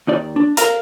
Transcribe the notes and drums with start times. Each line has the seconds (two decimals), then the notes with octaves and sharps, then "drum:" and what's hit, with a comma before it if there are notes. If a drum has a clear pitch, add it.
0.07 D#2 D#4 D5
0.36 D4
0.57 A#4 F5 A#5, drum: hi-hat